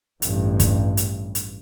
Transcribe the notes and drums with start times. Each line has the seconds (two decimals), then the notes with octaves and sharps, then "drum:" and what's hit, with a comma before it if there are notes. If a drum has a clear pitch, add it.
0.22 A1 G2, drum: hi-hat
0.60 drum: kick, hi-hat
0.97 drum: hi-hat
1.35 drum: hi-hat